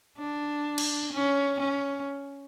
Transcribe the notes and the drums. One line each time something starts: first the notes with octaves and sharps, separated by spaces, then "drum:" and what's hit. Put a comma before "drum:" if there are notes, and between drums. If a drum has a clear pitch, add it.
D4
drum: cymbal
C#4
C#4